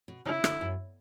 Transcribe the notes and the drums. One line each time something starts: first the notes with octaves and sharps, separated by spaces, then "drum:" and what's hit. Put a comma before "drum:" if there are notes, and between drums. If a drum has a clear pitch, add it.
B2
C#3 E4
D3, drum: rim click
F#2